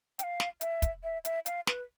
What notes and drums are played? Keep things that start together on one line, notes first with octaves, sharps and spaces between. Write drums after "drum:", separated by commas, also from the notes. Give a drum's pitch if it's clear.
G5, drum: hi-hat
F5
drum: snare
E5, drum: hi-hat
drum: kick, hi-hat
E5
E5, drum: hi-hat
F5, drum: hi-hat
B4, drum: snare